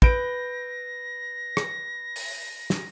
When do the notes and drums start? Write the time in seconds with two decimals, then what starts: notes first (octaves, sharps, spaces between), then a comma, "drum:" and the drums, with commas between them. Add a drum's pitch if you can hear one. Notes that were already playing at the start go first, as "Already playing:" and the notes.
0.02 B4 G6 A#6 D7, drum: kick
1.57 drum: rim click
2.16 drum: open hi-hat
2.70 drum: snare